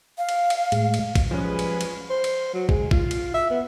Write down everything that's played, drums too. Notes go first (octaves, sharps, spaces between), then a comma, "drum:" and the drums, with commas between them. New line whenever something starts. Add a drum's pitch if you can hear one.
F5
drum: cymbal
drum: cymbal
A2 G#3, drum: cymbal
drum: cymbal
drum: kick, cymbal
F3 G3 G#3 C#4 G#4 B4
drum: cymbal
drum: cymbal
C5
drum: cymbal
F#3
G#3, drum: kick
F4, drum: kick
drum: cymbal
E5
B3